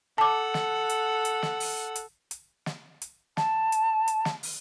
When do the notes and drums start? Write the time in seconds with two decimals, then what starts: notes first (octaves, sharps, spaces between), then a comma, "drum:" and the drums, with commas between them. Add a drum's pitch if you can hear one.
0.18 A4 F#5 A5 D6
0.54 drum: snare
0.89 drum: hi-hat
1.25 drum: hi-hat
1.43 drum: snare
1.60 drum: open hi-hat
1.96 drum: hi-hat
2.31 drum: hi-hat
2.66 drum: snare
3.02 drum: hi-hat
3.37 A5, drum: snare
3.72 drum: hi-hat
4.08 drum: hi-hat
4.25 drum: snare
4.43 drum: open hi-hat